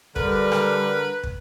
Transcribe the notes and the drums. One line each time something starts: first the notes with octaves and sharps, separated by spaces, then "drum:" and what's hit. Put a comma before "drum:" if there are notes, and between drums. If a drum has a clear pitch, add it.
D3 G3 A#4 B4, drum: kick
drum: rim click
drum: kick